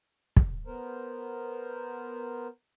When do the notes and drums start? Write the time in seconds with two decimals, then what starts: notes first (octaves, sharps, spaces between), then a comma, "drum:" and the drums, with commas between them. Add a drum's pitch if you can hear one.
0.37 drum: kick
0.67 B3 A#4 C5